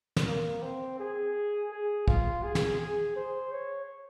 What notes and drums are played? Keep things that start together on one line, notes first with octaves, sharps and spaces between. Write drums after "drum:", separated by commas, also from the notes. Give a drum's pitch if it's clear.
drum: snare
A#3
C4
G#4
G#4
F4, drum: kick
G#4
drum: snare
G#4
C5
C#5